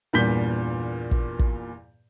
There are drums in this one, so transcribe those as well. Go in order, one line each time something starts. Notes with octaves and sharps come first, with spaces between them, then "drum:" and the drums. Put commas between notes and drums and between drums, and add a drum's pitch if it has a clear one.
E2 G2 A#2 G6 B6 G7
drum: kick
drum: kick